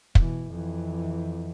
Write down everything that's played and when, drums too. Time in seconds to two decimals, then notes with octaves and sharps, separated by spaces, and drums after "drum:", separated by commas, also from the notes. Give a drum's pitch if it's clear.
0.15 B2 E3, drum: kick
0.50 F2 E3